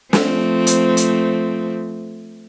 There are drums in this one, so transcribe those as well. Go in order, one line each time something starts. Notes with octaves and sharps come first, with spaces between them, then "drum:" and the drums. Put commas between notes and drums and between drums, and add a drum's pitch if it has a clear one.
F3 A3 C4, drum: snare
drum: hi-hat
drum: hi-hat